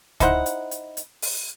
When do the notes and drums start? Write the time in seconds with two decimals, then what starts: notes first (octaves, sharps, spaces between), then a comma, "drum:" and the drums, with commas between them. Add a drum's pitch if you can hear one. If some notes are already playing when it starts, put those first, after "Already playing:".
0.20 D#4 E4 C5 F#5, drum: kick C#2, hi-hat
0.46 drum: hi-hat
0.71 drum: hi-hat
0.97 drum: hi-hat
1.22 drum: open hi-hat